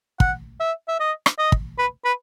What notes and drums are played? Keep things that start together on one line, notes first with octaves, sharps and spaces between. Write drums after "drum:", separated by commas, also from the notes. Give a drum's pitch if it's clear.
F#5, drum: kick
E5
E5
D#5
drum: rim click
D#5
drum: kick
B4
B4